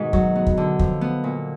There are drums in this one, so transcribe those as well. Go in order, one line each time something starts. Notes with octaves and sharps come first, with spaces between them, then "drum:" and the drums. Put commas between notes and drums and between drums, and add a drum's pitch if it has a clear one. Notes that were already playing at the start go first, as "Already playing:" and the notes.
Already playing: G#2 B2 D#3
F#3, drum: kick
B3
drum: kick
D3
F3, drum: kick
B3
A#2